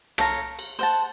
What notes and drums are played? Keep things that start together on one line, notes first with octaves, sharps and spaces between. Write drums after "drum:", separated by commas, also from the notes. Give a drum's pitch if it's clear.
A4 C#5 F5 A#5, drum: rim click
drum: cymbal
C5 F#5 A5